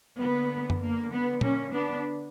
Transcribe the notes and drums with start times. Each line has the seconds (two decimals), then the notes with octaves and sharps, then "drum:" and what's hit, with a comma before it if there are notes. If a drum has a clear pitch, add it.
0.18 D3 A#3 B3
0.70 drum: tom F#2
0.80 A#3
1.10 B3
1.41 A#3 C#4, drum: tom
1.71 B3 D4